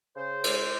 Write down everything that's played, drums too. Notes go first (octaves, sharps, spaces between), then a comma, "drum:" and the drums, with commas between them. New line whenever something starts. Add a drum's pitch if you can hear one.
C#3 C5
G#3, drum: cymbal